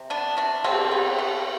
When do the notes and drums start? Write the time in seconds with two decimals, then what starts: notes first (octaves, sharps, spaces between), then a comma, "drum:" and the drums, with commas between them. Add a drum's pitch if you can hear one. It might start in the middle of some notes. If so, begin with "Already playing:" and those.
Already playing: C3
0.10 B3 D4
0.37 C3 D4
0.64 B2 C4, drum: cymbal
0.91 B3
1.18 B2